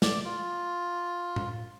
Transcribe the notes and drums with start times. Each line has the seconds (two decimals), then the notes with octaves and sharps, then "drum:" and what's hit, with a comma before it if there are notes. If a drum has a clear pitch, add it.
0.02 D5, drum: snare
0.25 F4
1.36 drum: tom A2